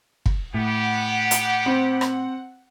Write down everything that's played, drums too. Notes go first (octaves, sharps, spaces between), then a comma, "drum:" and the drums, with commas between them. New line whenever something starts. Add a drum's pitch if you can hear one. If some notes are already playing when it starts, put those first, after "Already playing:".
drum: kick
A2 B3 G4 F#5
drum: hi-hat
C4
drum: rim click